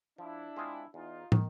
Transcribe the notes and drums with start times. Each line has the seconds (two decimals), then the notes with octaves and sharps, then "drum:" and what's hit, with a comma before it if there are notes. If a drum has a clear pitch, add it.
0.18 F3 D4 E4
0.56 G#3 C4 F4 G#4
0.94 E2 D#4 F4
1.32 D#3, drum: tom